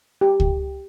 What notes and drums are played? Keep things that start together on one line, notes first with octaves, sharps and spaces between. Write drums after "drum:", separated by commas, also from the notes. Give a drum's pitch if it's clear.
G4
drum: kick C#2